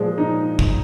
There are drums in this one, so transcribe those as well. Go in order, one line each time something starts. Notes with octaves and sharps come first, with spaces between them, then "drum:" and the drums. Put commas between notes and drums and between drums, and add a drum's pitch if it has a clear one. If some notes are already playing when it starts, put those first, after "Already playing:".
Already playing: A#2 F3 G#3
D#4
drum: kick